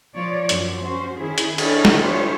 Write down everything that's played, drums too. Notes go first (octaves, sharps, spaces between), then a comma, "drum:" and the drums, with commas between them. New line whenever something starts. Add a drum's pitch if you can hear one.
F3 C#5 D5
F#2 F3 F#3, drum: hi-hat
C#4 F#4 C5
D#3 C#4 E4 G#4
drum: hi-hat
D4 E4 G#4 A4 C#5 D#5, drum: cymbal
drum: snare
D4 E4 F4 G4 C5 C#5